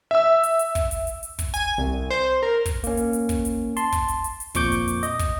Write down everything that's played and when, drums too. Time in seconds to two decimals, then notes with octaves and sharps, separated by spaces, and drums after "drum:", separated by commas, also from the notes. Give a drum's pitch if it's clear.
0.11 E5 E6
0.43 drum: hi-hat
0.59 drum: hi-hat
0.75 drum: kick, hi-hat
0.91 drum: hi-hat
1.07 drum: hi-hat
1.23 drum: hi-hat
1.39 drum: kick, hi-hat
1.54 G#5, drum: hi-hat
1.78 C2
2.11 C5
2.43 A#4
2.65 drum: kick, hi-hat
2.84 A#3 C#4, drum: hi-hat
2.97 drum: hi-hat
3.13 drum: hi-hat
3.29 drum: kick, hi-hat
3.45 drum: hi-hat
3.77 A5 C6, drum: hi-hat
3.92 drum: kick, hi-hat
4.08 drum: hi-hat
4.24 drum: hi-hat
4.40 drum: hi-hat
4.55 F2 A#2 F3 C#6 D6 G6, drum: kick, hi-hat
4.72 drum: hi-hat
4.88 drum: hi-hat
5.03 D#5, drum: hi-hat
5.19 drum: kick, hi-hat